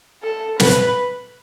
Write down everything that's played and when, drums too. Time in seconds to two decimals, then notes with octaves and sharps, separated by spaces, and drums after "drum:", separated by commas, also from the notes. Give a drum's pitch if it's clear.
0.23 A4
0.60 B4, drum: snare